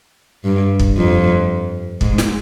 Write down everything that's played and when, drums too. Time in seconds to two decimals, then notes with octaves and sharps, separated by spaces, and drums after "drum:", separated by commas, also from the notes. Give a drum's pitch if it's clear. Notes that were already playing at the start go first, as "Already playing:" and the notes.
0.44 G2
0.79 drum: kick
0.97 F2
2.01 G#2, drum: kick
2.18 drum: snare